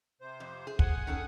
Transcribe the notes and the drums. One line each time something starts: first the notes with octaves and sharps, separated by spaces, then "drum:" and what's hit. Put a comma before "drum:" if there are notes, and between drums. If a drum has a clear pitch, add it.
C3 C5
F2
G#4
F#5 G#5 D#6, drum: kick
D#3 C#4 A4